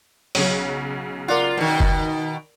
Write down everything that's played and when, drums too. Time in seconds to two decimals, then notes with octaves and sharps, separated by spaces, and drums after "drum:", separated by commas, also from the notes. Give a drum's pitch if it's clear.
0.35 B1 C#3 F#3 C#5, drum: open hi-hat
1.28 F4 A#4 D5 F#5
1.57 B2 D#3
1.80 drum: kick